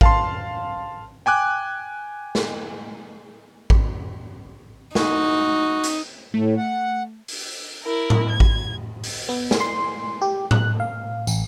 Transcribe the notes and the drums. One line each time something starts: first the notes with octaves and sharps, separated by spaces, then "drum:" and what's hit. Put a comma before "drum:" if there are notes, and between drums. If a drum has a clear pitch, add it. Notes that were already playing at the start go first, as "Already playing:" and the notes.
F5 A5 C6, drum: kick A1
G5 G#5 D6 F#6
drum: snare
drum: kick A1
D#4 F#4, drum: snare
drum: hi-hat
A2 A3
F#5
drum: open hi-hat
E4 A#4
drum: tom A2
G#6
drum: kick A1
drum: open hi-hat
B3
drum: snare
C6
G4
F#6, drum: tom A2
F5
A1, drum: tambourine